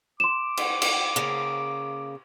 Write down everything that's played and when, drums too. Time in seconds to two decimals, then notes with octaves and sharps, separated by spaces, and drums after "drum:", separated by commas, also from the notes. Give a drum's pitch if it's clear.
0.20 C6 D6 E7
0.57 drum: cymbal
0.82 drum: cymbal
1.16 C#3 A#3